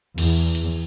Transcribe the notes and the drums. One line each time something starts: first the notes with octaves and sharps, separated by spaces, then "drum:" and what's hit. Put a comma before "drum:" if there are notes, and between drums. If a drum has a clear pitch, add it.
E2, drum: cymbal
drum: hi-hat